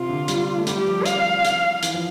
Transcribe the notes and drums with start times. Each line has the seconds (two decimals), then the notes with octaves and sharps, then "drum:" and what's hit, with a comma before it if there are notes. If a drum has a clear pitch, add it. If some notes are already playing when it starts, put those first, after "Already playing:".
Already playing: C3 F4
0.09 D3
0.28 G3, drum: hi-hat
0.58 A3
0.67 G3 G4, drum: hi-hat
0.87 F3
1.06 F5, drum: hi-hat
1.45 drum: hi-hat
1.83 E3, drum: hi-hat
1.94 F3